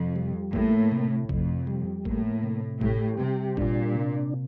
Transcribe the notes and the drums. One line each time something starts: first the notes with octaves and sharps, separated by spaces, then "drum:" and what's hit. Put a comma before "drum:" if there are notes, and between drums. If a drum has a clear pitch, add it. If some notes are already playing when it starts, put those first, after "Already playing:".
Already playing: F2 C3
G3
A2 A#3, drum: kick
C3
F2 C3, drum: kick
G3
A2 A#3, drum: kick
C3
A2 G4, drum: kick
C3 G3
A#2 D4, drum: kick
C3